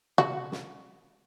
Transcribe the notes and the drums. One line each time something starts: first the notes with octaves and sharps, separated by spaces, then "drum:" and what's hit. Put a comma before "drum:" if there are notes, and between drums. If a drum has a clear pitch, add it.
F#4, drum: tom
drum: snare